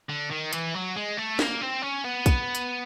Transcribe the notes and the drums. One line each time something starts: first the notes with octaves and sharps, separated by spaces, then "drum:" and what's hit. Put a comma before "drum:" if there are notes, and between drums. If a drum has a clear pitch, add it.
D3
D#3
E3, drum: hi-hat
F#3
G#3
A3
A#3, drum: snare
C4
C#4
B3
drum: kick, hi-hat
drum: hi-hat